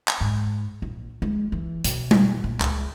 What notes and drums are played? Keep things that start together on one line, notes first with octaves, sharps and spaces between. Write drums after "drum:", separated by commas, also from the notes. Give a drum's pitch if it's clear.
drum: clap
G#2
A#1
G#3
E3
B2, drum: hi-hat
drum: tom G3
A#2
C#2, drum: clap